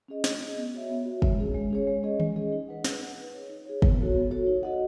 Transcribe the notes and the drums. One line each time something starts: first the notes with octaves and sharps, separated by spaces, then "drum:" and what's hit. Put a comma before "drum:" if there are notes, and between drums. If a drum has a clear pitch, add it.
C#4 G#4 D#5
A3, drum: snare
C#4 G#4 D#5
B3
F#4 C#5 E5
B3
F#4 C#5 E5
G#3, drum: kick
C#4 G#4 C#5
G#3
C#4 G#4 C#5
G#3
C#4 G#4 D#5
G#3, drum: tom D#3
C#4 G#4 D#5
D#4
G#4 B4 F#5
D#4, drum: snare
G#4 B4 F#5
D#4
G#4 C#5
D#4
G#4 C#5
B3, drum: kick
F#4 A4 C#5
B3
F#4 A4 C#5
D#4
F#4 A4 D#5 F#5